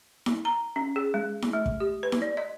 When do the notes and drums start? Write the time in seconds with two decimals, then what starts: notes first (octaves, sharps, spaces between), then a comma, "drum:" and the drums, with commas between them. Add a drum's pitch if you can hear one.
0.26 drum: snare E4
0.45 A#5
0.76 C#4
0.96 G#4
1.14 G#3
1.42 drum: snare E4
1.53 A3
1.66 drum: kick
1.80 G4
2.03 B4
2.12 drum: snare E4
2.22 D5
2.37 D#5